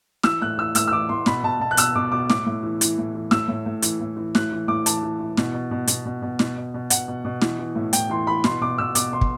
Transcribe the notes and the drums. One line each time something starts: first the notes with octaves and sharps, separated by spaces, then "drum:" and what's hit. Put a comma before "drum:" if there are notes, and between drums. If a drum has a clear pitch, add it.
E3 E6, drum: snare
A2 F#6
E3 E6
A2 E6, drum: hi-hat
E6
E3 D6
A2 C6
B2 B5, drum: snare
B2 A5
B2 A5
F#6
B2 E6, drum: hi-hat
B2 D6
B2 D6
A2 D6, drum: snare
A2
E3
E3, drum: hi-hat
A2
E3
A2 E6, drum: snare
A2
A2
E3, drum: hi-hat
A2
E3
A2 F#6, drum: snare
E3
A2 D6
E3 A5, drum: hi-hat
E3
E3
B2, drum: snare
B2
B2
B2, drum: hi-hat
B2
B2
B2, drum: snare
B2
B2
B2 F#5, drum: hi-hat
B2
B2
E3, drum: snare
E3
A2
A2 G5, drum: hi-hat
E3 C6
E3 B5
B2 C6, drum: snare
B2 D6
B2 E6
B2 D6, drum: hi-hat
B2 C6
drum: kick